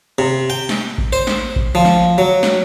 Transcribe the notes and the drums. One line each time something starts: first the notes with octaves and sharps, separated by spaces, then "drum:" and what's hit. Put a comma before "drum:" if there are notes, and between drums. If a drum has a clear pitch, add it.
C3
G5
drum: snare
drum: kick A1
C5
drum: snare
drum: kick A1
F3
drum: snare
F#3
drum: snare